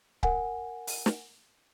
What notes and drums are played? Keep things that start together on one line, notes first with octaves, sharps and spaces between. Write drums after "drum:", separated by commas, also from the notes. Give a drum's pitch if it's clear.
A#4 F#5 G#5, drum: kick C#1
drum: open hi-hat
drum: snare